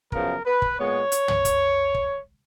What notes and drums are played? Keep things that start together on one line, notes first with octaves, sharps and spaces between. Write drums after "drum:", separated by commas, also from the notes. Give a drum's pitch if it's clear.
F#2 C#3 F3 B3 A#4, drum: kick
B4
drum: kick
A#2 G#3 B3 C#5
drum: hi-hat
drum: tom
drum: kick, hi-hat
drum: kick